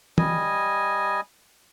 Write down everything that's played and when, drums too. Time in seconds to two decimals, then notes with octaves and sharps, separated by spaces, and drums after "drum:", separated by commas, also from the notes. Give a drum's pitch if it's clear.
0.18 G3 D#5 G#5, drum: tom